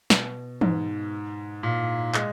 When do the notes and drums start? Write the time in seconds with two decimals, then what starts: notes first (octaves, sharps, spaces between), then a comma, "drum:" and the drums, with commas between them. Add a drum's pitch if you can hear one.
0.10 B2, drum: snare
0.61 G#2, drum: tom E3
1.63 A#2
2.15 G#3, drum: clap